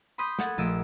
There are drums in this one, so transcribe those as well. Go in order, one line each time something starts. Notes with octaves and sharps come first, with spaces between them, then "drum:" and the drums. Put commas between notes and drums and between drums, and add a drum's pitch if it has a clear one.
B5 C6 D#6 G6 B6
A4 F#5 G#6 C#7, drum: snare
A#1 A3 D#5 E6 D7